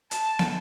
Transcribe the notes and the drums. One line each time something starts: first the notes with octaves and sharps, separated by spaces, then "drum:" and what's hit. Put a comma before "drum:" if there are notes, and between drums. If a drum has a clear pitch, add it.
A5, drum: hi-hat
drum: snare